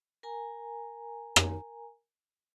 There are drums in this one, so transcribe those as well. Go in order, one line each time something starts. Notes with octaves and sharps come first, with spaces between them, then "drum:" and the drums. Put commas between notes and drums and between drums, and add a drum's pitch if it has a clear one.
A#4 G#5 A#5
drum: rim click